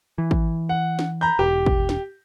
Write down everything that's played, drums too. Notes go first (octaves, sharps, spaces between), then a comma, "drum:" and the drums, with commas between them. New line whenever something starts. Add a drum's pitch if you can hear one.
E3
drum: kick
F#5
drum: snare
A#5 B5 G6
E1 G4
drum: kick
drum: snare